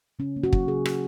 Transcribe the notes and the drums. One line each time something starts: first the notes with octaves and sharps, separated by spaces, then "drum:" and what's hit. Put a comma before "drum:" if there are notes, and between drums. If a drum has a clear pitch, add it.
C#3 C#4
A#3
F#4
F#3, drum: kick
C#3 G#4
C#3, drum: rim click